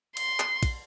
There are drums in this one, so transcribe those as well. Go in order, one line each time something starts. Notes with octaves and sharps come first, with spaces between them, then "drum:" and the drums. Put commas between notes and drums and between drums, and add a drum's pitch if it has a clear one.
C6, drum: cymbal
drum: clap
drum: kick, cymbal